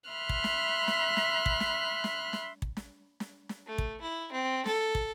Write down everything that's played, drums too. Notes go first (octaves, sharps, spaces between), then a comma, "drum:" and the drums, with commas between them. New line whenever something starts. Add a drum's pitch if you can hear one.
E5 B5 C6 F6 F#6
drum: kick
drum: snare
drum: snare
drum: snare
drum: kick
drum: snare
drum: snare
drum: snare
drum: kick
drum: snare
drum: snare
drum: snare
A3
drum: kick
E4
C4
A4, drum: snare
drum: kick